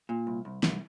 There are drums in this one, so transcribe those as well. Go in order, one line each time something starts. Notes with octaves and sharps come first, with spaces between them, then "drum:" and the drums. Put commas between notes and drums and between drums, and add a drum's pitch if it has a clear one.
A#2
C2
C2
C2, drum: snare